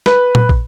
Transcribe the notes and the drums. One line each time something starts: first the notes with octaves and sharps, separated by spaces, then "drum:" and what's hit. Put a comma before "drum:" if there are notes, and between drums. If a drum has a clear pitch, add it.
B4, drum: snare
drum: tom A#2
drum: kick